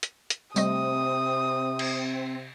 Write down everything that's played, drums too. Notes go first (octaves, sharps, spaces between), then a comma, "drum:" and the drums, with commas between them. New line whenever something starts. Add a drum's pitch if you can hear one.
drum: hi-hat
drum: hi-hat
C3 G3 A3 C4 D#5 D#6, drum: tambourine
drum: cymbal